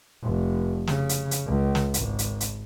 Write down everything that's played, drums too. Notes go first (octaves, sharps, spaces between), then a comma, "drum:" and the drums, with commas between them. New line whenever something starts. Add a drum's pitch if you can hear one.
F1
C#3, drum: snare
drum: hi-hat
drum: hi-hat
C#2
drum: snare
G#1, drum: hi-hat
drum: hi-hat
drum: hi-hat